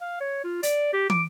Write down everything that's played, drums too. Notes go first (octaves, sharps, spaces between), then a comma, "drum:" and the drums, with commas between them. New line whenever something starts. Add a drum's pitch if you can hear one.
F5
C#5
F4
D5, drum: hi-hat
G4
D6, drum: tom